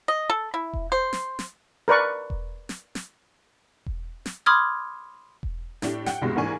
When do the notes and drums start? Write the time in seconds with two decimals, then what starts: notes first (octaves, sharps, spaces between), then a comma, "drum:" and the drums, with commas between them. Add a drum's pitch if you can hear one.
0.08 D#5
0.30 A4
0.54 E4
0.73 drum: kick E1
0.92 C5
1.13 drum: snare
1.39 drum: snare
1.88 A#4 B4 D5 C#6
2.30 drum: kick E1
2.69 drum: snare
2.95 drum: snare
3.86 drum: kick E1
4.26 drum: snare
4.46 B5 C6 D6 D#6 F6 G#6
5.43 drum: kick E1
5.82 A2 D4 G4, drum: snare
6.06 F#5 G5, drum: snare
6.21 C2 G2 B2 G#3
6.36 G#2 E3 A#3 D4 G#5 C#6